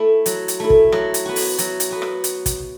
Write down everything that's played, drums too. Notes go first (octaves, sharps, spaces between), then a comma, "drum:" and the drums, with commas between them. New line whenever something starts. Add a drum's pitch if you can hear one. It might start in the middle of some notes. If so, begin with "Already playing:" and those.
Already playing: A3 E4
F#3, drum: hi-hat
drum: hi-hat
A3 E4
drum: kick
F#3, drum: rim click
drum: hi-hat
B3 F#4
drum: open hi-hat
F#3, drum: hi-hat
drum: hi-hat
B3 F#4
drum: rim click
drum: hi-hat
drum: kick, hi-hat